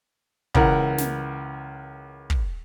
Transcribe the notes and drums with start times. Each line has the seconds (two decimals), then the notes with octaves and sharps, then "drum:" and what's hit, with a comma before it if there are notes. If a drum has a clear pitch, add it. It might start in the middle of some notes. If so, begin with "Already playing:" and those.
0.55 C#2 E3 A#4 F#5, drum: kick
0.98 drum: snare
2.30 drum: kick